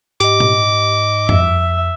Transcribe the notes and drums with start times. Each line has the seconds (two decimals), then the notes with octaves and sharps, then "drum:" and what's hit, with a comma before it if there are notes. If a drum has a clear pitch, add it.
0.21 G#2 G4 D#5 D6, drum: hi-hat
0.40 drum: tom
1.29 F2 E5, drum: tom